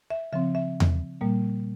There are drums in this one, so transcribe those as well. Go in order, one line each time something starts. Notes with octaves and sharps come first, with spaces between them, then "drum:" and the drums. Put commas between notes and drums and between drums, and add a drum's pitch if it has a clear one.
E5
C#3 F3 C4 E5
E5
drum: tom E2
A#2 G3 A#3